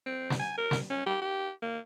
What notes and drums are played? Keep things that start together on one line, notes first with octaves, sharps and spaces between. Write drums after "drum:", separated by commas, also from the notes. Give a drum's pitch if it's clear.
C4
drum: snare
G#5
A#4
drum: snare
C#4
G4
G4
A#3